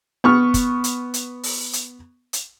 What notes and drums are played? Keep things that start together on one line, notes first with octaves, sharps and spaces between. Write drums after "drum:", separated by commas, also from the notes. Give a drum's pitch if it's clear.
B3 C#6 F6
drum: kick, hi-hat
drum: hi-hat
drum: hi-hat
drum: open hi-hat
drum: hi-hat
drum: hi-hat